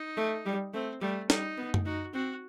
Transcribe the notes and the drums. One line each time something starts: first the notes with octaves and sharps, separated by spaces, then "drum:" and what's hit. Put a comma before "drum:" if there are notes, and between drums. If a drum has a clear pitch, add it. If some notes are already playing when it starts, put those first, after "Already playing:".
Already playing: D#4
A3
G3
A3 C4
G3 A3
G3 D#4, drum: snare
B3
drum: tom F#2
D#4 F#4
C4 F#4